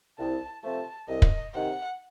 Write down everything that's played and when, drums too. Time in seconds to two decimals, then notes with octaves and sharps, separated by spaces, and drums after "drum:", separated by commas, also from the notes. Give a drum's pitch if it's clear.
0.18 C2 A5
0.64 C3 F3 A3 A5
1.08 C2 D#5
1.22 drum: kick
1.54 C3 D#3 F#5